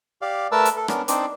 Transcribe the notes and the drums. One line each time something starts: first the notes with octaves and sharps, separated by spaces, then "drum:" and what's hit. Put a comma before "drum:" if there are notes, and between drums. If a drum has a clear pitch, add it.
G4 D5 F5
A3 A#4 B4 A5 E6
drum: hi-hat
A4
B3 C#4 D4 A#4, drum: rim click
C4 D4 D#4 C5 D5, drum: hi-hat